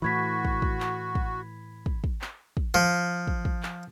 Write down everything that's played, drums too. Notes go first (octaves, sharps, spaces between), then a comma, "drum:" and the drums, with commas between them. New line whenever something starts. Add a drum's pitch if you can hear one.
A2 E3 F#4 B5 G#6 B6
drum: kick
drum: kick
drum: clap
drum: kick
drum: kick
drum: kick
drum: clap
drum: kick
F3
drum: kick
drum: kick
drum: clap